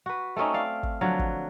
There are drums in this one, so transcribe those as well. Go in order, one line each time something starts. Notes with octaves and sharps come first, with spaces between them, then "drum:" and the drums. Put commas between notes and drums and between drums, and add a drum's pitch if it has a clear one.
F#4 B4
A3 C4 C#4 D#4
D5 F5
drum: kick
D3 F3 F#3
drum: kick